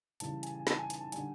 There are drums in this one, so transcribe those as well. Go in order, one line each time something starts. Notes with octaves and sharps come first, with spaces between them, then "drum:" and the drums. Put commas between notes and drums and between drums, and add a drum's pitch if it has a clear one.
C#3 E3 G3 A5, drum: hi-hat
G#5, drum: hi-hat
G#5
A5, drum: snare
G#5
G#5, drum: hi-hat
A5
D3 G3 G#5, drum: hi-hat